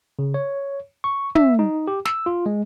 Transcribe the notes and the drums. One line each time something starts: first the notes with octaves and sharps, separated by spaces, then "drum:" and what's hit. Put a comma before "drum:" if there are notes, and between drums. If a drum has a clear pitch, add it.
C#3
C#5
C#6
E5, drum: tom
D#4
G4
E6, drum: snare
F4
G#3